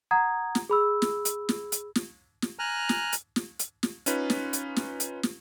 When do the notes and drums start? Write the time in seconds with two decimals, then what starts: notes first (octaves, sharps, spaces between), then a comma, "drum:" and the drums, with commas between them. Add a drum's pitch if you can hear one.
0.11 F#5 A#5 D#6 G#6
0.55 drum: snare
0.70 G#4 B5 E6
1.02 drum: snare
1.25 drum: hi-hat
1.49 drum: snare
1.72 drum: hi-hat
1.95 drum: snare
2.42 drum: snare
2.59 G#5 A#5 F6 F#6
2.89 drum: snare
3.13 drum: hi-hat
3.36 drum: snare
3.59 drum: hi-hat
3.83 drum: snare
4.06 C#4 D#4 F4 B4, drum: hi-hat
4.30 drum: snare
4.53 drum: hi-hat
4.76 drum: snare
5.00 drum: hi-hat
5.23 drum: snare